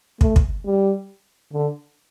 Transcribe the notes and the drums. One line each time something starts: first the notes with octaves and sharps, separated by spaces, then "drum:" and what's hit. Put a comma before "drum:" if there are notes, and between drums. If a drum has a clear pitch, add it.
A3, drum: kick
drum: kick
G3
D3